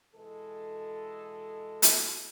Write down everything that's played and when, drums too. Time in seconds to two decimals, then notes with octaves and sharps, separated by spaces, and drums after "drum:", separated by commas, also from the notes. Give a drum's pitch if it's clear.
0.15 B2 E3 G#3 A4
1.82 drum: hi-hat